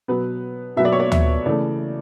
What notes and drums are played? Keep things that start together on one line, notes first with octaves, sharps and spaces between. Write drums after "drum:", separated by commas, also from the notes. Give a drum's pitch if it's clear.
B2 F#3 B3 B4
B2 F#3 B3 E5
D5
C#5
D5
E5, drum: tom D2
C#3 E3 A3 D5